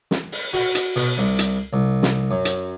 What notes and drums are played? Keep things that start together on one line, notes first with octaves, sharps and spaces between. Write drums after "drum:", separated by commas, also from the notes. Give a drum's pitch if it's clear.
drum: snare
drum: open hi-hat
F#4, drum: open hi-hat
drum: hi-hat
B2, drum: open hi-hat
C2
drum: hi-hat
C2
drum: snare
F#2
drum: hi-hat